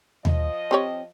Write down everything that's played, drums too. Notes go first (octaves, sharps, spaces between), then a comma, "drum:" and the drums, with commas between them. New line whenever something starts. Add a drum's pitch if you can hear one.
F3 D#5, drum: tom D#2
C4 G4 C#5